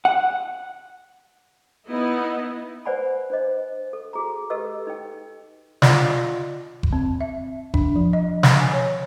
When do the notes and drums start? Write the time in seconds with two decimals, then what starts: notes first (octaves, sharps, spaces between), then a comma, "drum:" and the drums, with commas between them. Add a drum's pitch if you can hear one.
0.05 F#5
1.87 B3 D#4 E4 D#5
2.85 B4 C5 D5 F#5 G#5 B5
3.30 D4 C5 D#5
3.93 A4
4.13 F#4 G#4 A#5
4.50 G4 A4 B4 D#5 E6
4.87 D#4 G5
5.82 F4 D5 D#5 F5 F#5, drum: snare
6.83 drum: kick F#1
6.93 C4
7.21 E5
7.74 D4, drum: kick F#1
7.96 F3
8.13 D#5
8.43 F#5, drum: snare
8.60 G#5
8.73 C#5